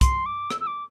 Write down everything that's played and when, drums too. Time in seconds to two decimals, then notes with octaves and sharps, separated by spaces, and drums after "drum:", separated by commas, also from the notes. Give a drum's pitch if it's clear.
0.01 C6, drum: kick, hi-hat
0.26 D6
0.50 E6, drum: rim click
0.61 E6
0.67 D6